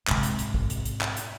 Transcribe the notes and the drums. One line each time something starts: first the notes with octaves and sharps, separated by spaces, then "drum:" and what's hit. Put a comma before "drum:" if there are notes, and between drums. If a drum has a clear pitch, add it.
G#2 C3, drum: clap
drum: hi-hat
drum: hi-hat
drum: kick
drum: hi-hat
drum: hi-hat
drum: clap
drum: hi-hat